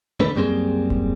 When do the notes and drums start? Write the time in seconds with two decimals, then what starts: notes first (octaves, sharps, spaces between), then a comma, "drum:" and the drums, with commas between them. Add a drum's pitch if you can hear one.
0.20 D3 A3 A4 B4
0.35 C2 F#2 G3 A#3 C4 G#4
0.90 drum: kick D#1